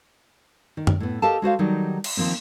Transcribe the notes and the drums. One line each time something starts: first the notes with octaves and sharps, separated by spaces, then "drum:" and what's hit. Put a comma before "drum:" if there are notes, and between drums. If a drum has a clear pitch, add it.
D#3
drum: tom F#2
A2 B3
G4 A4 A#4 D#5 F5 A5
G#3 F#4 C5 F5
D#3 F#3 G3 D#4
drum: cymbal
D#3 F3 A#3 C4